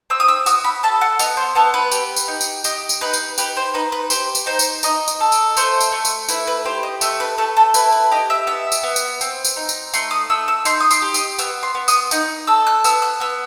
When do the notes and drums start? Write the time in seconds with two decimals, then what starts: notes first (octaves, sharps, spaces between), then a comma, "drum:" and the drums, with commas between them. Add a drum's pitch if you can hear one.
0.10 C4 E6
0.20 D#6
0.28 E6
0.46 F#4 D#6, drum: tambourine
0.64 B5
0.83 A4 A5
1.01 F#5
1.19 B3 D#5, drum: tambourine
1.37 C5
1.55 B3 A4
1.74 B4
1.92 G4, drum: tambourine
2.16 drum: tambourine
2.28 D#4
2.41 drum: tambourine
2.64 G4 D#5, drum: tambourine
2.89 drum: tambourine
3.01 D#4 B4
3.13 drum: tambourine
3.38 G4 B4, drum: tambourine
3.57 C5
3.74 D#4 B4
3.92 B4
4.10 G4 C5, drum: tambourine
4.35 drum: tambourine
4.46 D#4 C5
4.59 drum: tambourine
4.83 D#4 D#5, drum: tambourine
5.08 drum: tambourine
5.20 A4
5.32 drum: tambourine
5.57 A3 C5, drum: tambourine
5.80 drum: tambourine
5.92 A3
6.05 drum: tambourine
6.28 E4 B4, drum: tambourine
6.47 B4
6.65 G4 C5
6.83 D#5
7.01 A3 E5, drum: tambourine
7.20 B4
7.38 A3 A4
7.57 A4
7.74 E4 B4, drum: tambourine
7.92 B4
8.11 G4 D#5
8.30 E5
8.47 B3 E5
8.72 drum: tambourine
8.83 B3
8.96 drum: tambourine
9.21 C4, drum: tambourine
9.45 drum: tambourine
9.56 D#4
9.69 drum: tambourine
9.94 A3 C6, drum: tambourine
10.11 D#6
10.30 A3 E6
10.48 E6
10.65 D#4 C6, drum: tambourine
10.80 D#6
10.91 C6, drum: tambourine
11.02 G4
11.14 D#6, drum: tambourine
11.39 B3 E6, drum: tambourine
11.63 C6
11.75 B3
11.88 D#6, drum: tambourine
12.11 D#4 D#6, drum: tambourine
12.47 A4 E6
12.67 F#6
12.84 B3 E6, drum: tambourine
13.02 F#6
13.20 B3 E6